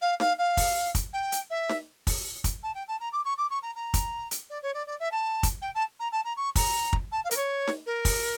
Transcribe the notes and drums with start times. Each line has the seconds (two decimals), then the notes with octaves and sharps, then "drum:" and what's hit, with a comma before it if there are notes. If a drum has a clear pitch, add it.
0.01 F5
0.20 F5, drum: snare
0.38 F5
0.57 drum: kick, open hi-hat
0.95 drum: kick, hi-hat
1.13 G5
1.32 drum: hi-hat
1.50 E5
1.69 drum: snare
2.07 drum: kick, open hi-hat
2.44 drum: kick, hi-hat
2.63 A5
2.75 G5
2.88 A5
3.00 A#5
3.12 D6
3.25 C#6
3.38 D6
3.50 C#6
3.63 A#5
3.76 A#5
3.94 drum: kick, hi-hat
4.31 drum: hi-hat
4.50 D5
4.63 C#5
4.74 D5
4.87 D5
5.00 E5
5.12 A5
5.43 drum: kick, hi-hat
5.62 G5
5.75 A5
6.00 A#5
6.12 A5
6.25 A#5
6.37 C#6
6.56 A#5, drum: kick, open hi-hat
6.93 drum: kick
7.12 A5
7.24 F5
7.31 A#4, drum: hi-hat
7.36 C#5
7.67 drum: snare
7.86 A#4
8.05 drum: kick, open hi-hat